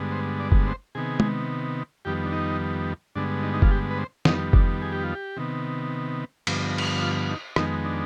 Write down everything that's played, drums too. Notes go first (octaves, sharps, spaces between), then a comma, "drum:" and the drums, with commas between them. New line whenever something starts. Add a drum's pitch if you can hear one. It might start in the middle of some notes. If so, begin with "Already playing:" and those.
Already playing: G2 D3 G#3 B3
C5
D5
drum: kick F#1
C5
C3 D#3 B3 G#4
drum: tom
F2 D#3 G3 B3 G4
D4
D#4
G2 D3 G#3 B3 D4
D#4
D#4
F4, drum: kick F#1
G4
B4
C5
F2 D#3 G3 B3 D#4, drum: snare
D4, drum: kick F#1
G#4
G4
F4
G4
C3 D#3 B3
G2 D3 F3 B3, drum: cymbal
drum: cymbal
F4
D#4
F2 D#3 G#3 B3 D#4, drum: rim click
D4